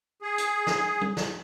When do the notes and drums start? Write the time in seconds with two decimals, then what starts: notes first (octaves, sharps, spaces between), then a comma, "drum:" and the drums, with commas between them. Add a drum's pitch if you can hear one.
0.22 G#4
0.38 drum: hi-hat
0.67 drum: snare
1.01 drum: tom
1.17 drum: snare